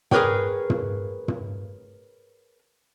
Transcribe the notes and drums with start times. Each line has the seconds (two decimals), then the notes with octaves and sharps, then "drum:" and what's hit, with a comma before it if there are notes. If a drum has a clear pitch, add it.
0.11 G#4 A#4 B4 C#5 G5, drum: tom
0.70 drum: tom
1.28 drum: tom